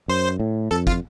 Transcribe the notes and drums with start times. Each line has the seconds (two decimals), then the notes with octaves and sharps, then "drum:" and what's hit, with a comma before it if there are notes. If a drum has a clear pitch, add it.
0.08 F#2 C5
0.40 A2
0.71 F2 A4
0.87 F4, drum: kick